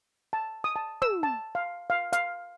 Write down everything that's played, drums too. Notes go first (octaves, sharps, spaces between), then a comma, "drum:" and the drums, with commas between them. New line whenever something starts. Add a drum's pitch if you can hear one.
A5
D#6
A5
E6, drum: tom
A5
F5
F5
F5, drum: hi-hat